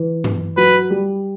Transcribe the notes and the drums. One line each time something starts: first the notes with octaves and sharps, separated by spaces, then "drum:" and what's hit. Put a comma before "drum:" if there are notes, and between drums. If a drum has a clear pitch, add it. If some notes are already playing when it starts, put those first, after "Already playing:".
Already playing: E3
drum: tom
F#3 B4
G3